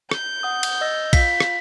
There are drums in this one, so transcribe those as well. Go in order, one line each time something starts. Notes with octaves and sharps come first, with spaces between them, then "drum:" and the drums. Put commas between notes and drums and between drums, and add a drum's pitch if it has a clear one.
G6, drum: rim click
F#5 D#6
drum: cymbal
D#5 E6 A#6
F4 F5 B6, drum: kick B1, cymbal
drum: rim click